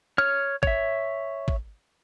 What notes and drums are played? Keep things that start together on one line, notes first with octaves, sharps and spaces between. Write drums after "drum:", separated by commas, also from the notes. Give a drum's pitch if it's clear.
C#5 F6
C#5 E5, drum: kick
drum: kick